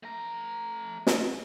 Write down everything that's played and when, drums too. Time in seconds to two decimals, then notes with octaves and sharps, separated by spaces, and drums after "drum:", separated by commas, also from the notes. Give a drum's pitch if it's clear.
0.03 A3 A#5
1.07 drum: snare